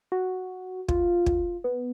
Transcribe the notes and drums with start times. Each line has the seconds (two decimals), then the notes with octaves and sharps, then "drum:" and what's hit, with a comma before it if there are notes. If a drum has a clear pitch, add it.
0.12 F#4
0.88 F4, drum: kick
1.26 drum: kick
1.64 B3